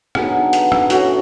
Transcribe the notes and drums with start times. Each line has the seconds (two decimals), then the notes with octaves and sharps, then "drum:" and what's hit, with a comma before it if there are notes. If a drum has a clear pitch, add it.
0.15 D3 F#3 B3 D#4 G#4, drum: rim click
0.53 drum: hi-hat
0.72 drum: rim click
0.90 A2 E3 A3 C#4 F#4, drum: hi-hat